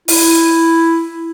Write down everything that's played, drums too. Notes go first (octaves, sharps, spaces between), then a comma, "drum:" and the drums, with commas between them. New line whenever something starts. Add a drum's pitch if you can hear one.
E4, drum: open hi-hat